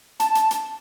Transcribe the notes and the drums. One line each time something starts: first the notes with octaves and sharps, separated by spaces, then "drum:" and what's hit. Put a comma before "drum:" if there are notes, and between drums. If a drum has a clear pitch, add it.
A5, drum: hi-hat
drum: hi-hat
drum: hi-hat